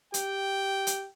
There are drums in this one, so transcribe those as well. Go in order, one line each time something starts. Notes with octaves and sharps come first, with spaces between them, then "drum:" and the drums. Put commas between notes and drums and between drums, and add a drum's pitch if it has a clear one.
G4 G5, drum: hi-hat
drum: hi-hat